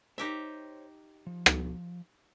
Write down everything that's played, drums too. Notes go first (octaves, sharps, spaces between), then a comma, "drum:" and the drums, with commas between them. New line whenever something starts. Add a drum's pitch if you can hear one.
D#4 G4 C5 C#5 E5
F3
drum: rim click